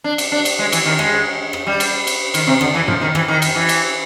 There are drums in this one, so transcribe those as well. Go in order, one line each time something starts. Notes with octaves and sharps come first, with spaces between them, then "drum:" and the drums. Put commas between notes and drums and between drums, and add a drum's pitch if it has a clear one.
D4
drum: cymbal
D4
drum: cymbal
G#3
E3, drum: cymbal
D#3
G#3, drum: rim click
drum: rim click
G3
drum: cymbal
drum: cymbal
D#3, drum: cymbal
C3
D3, drum: rim click
E3
F3, drum: tom F#2
D#3
E3, drum: rim click
D#3
drum: cymbal
E3
drum: cymbal